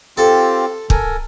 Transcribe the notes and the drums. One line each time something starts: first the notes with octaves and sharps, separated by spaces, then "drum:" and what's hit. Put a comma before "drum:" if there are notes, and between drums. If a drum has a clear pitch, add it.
C4 F4 G4 A4
A4 A#4 G#5, drum: kick